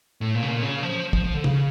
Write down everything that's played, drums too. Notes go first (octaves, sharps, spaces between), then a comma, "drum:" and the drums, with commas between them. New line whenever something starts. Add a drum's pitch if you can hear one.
A2
A#2
C#3
A#2
C#3
F3
F3, drum: kick
F3
D3
C#3, drum: tom